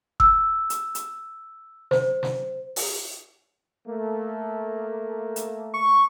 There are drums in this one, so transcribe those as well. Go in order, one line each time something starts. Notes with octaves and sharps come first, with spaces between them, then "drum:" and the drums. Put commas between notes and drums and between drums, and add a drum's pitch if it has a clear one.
E6, drum: kick F#1
drum: hi-hat
drum: hi-hat
C5, drum: snare
drum: snare
drum: open hi-hat
A3 A#3
drum: hi-hat
C#6